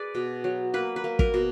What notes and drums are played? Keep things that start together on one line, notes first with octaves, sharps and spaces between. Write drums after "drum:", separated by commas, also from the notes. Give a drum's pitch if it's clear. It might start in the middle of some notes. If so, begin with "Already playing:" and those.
Already playing: F#4 G#4 B4 D5
B2
F#3
A#3 B4
B4
A#3
A#4, drum: kick
B2